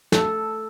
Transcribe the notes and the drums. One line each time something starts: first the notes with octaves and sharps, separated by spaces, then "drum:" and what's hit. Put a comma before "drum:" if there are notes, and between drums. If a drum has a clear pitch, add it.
A4, drum: snare